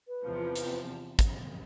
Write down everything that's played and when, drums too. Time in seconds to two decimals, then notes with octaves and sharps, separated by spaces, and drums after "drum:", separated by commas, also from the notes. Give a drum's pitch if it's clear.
0.08 B4
0.24 E2 C3 F3
0.56 drum: hi-hat
1.19 drum: kick, hi-hat